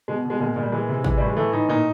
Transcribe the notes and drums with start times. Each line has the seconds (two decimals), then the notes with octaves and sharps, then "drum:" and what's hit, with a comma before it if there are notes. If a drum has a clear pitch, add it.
0.08 B2 G#3
0.25 B2 G#3
0.40 A#2 G#3
0.56 A#2
0.62 G3
0.72 E3 G#3
0.89 C3
1.04 E3, drum: kick
1.17 A2 G3
1.27 G#3
1.37 E3 A3
1.53 A2 D#4
1.69 A#2 D#4